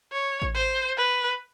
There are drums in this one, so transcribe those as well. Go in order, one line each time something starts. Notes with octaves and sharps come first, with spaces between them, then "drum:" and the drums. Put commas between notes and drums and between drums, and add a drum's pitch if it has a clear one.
C#5
drum: kick A1
C5
B4